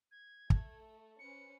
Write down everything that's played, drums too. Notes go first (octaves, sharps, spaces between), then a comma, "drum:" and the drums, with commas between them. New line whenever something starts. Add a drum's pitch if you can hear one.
G#6
A3, drum: kick
C#4 B4 C5 C#7